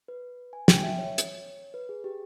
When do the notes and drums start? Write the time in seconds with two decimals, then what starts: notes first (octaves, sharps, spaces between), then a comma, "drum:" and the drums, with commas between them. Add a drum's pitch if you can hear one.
0.08 B4
0.53 G#5
0.68 G5, drum: snare
0.83 E5
0.99 C#5
1.18 drum: hi-hat
1.74 B4
1.89 G#4
2.04 G4